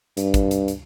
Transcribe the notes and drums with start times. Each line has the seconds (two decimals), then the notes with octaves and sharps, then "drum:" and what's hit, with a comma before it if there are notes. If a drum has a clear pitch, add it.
0.17 G2, drum: hi-hat
0.34 drum: kick, hi-hat
0.51 drum: hi-hat
0.68 drum: hi-hat